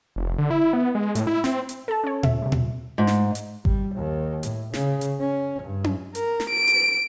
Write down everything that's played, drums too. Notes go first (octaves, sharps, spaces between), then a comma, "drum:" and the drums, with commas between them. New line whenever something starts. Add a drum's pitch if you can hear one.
F1
D3
E4
B3
G#3
A2, drum: hi-hat
E4
C4, drum: snare
drum: hi-hat
A4 A5
C#4 C#5
E5, drum: tom A#2
C3 G3
drum: tom A#2
G#2
drum: snare
drum: hi-hat
G3, drum: kick G#1
D#2
A2, drum: hi-hat
C#3, drum: snare
drum: hi-hat
C#4
G2
drum: tom C#4
A#4, drum: hi-hat
drum: snare
D7
drum: hi-hat